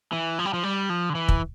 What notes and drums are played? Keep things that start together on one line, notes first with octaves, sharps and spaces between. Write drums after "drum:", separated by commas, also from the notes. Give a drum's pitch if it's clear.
E3
F3
G3
F3
G3
F3
D3
E3
drum: kick